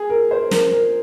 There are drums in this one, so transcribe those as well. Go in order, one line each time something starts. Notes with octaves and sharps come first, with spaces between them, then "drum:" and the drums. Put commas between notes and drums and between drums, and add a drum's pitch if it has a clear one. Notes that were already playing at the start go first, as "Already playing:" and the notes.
Already playing: G#4
A#4
C5
A#4, drum: snare
A#4